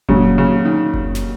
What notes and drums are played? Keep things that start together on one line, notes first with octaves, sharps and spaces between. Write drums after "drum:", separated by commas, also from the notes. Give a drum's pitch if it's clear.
A#2 C#3 F#3 C#4 F#4, drum: kick F#1
C#3
D#3
drum: kick F#1
drum: snare